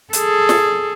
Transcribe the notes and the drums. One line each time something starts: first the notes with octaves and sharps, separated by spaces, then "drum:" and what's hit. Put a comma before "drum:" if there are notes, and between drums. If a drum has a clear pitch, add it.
G#4 A4, drum: hi-hat
drum: snare